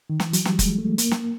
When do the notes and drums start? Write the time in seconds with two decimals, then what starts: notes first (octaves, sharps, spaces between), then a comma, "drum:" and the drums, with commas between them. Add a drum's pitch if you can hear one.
0.10 D#3
0.20 E3, drum: snare
0.33 F#3, drum: hi-hat
0.45 G3, drum: snare
0.59 G#3, drum: kick, hi-hat
0.79 A3
0.98 A#3, drum: hi-hat
1.11 drum: snare